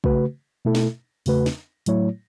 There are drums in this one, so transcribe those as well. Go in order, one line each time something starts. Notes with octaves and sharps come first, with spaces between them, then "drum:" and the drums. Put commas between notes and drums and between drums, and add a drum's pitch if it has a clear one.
C#3 A3 F#4 B4, drum: kick
B2 A3 E4 A4
drum: snare
E2 C#3 A3 F#4 B4, drum: open hi-hat
drum: snare
A2 F#3 A3 E4 C#5, drum: hi-hat